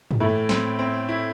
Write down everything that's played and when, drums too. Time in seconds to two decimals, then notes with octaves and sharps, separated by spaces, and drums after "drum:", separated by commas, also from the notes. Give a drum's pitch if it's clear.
0.11 drum: tom G2
0.20 A2 E3 A3
0.49 C4, drum: snare
0.79 C4
1.09 E4